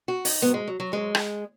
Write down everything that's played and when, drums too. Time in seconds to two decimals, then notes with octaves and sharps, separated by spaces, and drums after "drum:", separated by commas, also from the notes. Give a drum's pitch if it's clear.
0.08 F#4
0.25 D#4, drum: open hi-hat
0.42 G#2 F#3 B3
0.54 G#3
0.68 F#3
0.80 F#3
0.92 G#2 D#3 F#3 G#3
1.15 drum: rim click